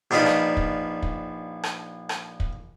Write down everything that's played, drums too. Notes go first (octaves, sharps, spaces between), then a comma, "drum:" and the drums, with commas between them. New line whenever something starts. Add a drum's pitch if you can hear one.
A#1 D4 D#4 F4 B4 D6
drum: rim click
drum: kick
drum: kick
drum: rim click
drum: rim click
drum: kick